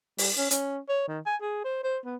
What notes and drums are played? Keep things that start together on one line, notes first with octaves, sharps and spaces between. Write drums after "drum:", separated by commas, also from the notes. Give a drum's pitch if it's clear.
G3, drum: open hi-hat
C#4
C#4, drum: hi-hat
C#5
D#3
G#5
G#4
C5
C5
B3